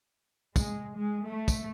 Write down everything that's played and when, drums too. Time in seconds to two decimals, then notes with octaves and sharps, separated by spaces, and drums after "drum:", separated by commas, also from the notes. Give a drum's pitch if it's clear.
0.56 G#3, drum: kick, tambourine
0.96 G#3
1.27 A3
1.48 drum: kick, tambourine